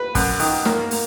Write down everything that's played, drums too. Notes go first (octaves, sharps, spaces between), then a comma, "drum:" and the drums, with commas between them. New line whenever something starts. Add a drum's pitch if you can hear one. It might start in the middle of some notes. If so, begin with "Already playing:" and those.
Already playing: B4
F#2, drum: kick, open hi-hat
D#3, drum: open hi-hat
A#3, drum: snare
A#3, drum: open hi-hat